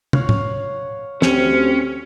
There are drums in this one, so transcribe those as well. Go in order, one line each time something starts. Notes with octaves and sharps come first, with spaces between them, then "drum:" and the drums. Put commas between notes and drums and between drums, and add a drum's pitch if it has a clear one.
C#5 F5 F#5, drum: tom
drum: tom A2
D2 C4 C#4 G4, drum: snare